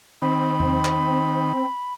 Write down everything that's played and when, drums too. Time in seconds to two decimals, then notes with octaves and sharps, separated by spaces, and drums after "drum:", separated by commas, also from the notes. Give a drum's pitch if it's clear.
0.22 D#3 C4 B5
0.60 drum: tom E2
0.85 drum: clap